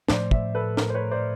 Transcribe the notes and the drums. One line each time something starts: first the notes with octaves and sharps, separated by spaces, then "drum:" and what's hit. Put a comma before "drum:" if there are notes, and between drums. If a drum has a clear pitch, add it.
A2 F3 A3 C#4 C5 D5, drum: snare
D5 E5, drum: kick
A4 B4
A#4 C5, drum: snare
C5
B4 C#5
C5 D5